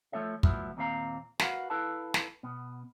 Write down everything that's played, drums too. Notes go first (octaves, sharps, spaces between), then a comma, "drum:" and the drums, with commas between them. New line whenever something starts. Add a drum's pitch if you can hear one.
F3 A3 D#4 A4 C#5 E5
C2 A2 F3 F#3 B3 E4, drum: kick
D#2 A#2 C4 D#4 F5 A#5
F#4 A#4 B4 F5 F#5, drum: snare
E4 A4 B4 F5 A5
drum: snare
B2 B3